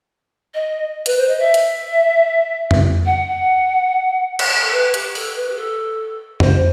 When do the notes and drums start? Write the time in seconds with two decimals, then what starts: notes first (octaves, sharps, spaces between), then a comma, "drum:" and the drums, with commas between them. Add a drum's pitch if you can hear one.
0.54 D#5
1.06 B4, drum: hi-hat
1.17 C5
1.28 D#5
1.39 E5
1.54 drum: hi-hat
2.71 drum: tom F2
3.05 F#5
4.39 drum: cymbal
4.62 A4
4.73 B4
4.94 G4, drum: hi-hat
5.15 A4, drum: open hi-hat
5.35 B4
5.49 G4
5.56 A4
6.40 C5, drum: tom F2